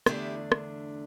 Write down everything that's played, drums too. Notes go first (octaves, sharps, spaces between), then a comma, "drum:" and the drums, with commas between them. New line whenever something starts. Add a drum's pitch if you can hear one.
E2 D3 A3 D4 E4 G4, drum: rim click
drum: rim click